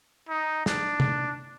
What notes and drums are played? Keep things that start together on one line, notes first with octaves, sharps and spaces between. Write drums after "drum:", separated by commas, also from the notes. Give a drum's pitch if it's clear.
D#4
D4, drum: snare
drum: tom C3